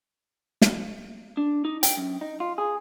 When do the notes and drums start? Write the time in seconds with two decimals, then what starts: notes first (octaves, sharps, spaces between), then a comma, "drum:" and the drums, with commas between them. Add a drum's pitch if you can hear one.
0.62 drum: snare
1.37 D4
1.65 D#4
1.83 G5, drum: hi-hat
1.97 F#2
2.21 D#4
2.40 F4
2.58 G#4